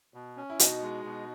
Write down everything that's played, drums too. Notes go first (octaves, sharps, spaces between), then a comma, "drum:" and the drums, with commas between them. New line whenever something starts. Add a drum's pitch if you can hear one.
B2
C#4
E4
B2 D#4 F#4, drum: hi-hat
G#3
B2